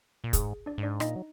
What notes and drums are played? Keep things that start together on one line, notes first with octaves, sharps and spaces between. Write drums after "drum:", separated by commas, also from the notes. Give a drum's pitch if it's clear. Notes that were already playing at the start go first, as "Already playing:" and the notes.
A#2
G#2 G#4, drum: kick, hi-hat
D4 D5
G#2
D4 D5
A#2 D#4 D#5, drum: rim click
F#3